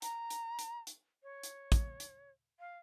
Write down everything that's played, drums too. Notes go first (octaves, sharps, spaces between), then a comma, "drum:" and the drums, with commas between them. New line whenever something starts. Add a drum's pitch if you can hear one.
A#5, drum: hi-hat
drum: hi-hat
drum: hi-hat
drum: hi-hat
C#5
drum: hi-hat
drum: kick, hi-hat
drum: hi-hat
F5